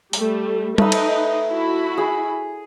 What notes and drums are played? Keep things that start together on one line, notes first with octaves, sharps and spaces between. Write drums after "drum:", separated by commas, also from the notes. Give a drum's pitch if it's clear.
G3 A3, drum: open hi-hat
A3 D#4 B4 D#5 E6, drum: tom G3
drum: cymbal
E4 F#4 B5
G#4